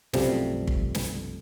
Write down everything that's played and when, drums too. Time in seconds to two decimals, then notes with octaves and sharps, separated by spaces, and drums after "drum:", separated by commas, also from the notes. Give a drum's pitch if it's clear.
0.13 B1 F#2 C3 F3 G3 A3, drum: snare
0.68 drum: kick
0.95 drum: snare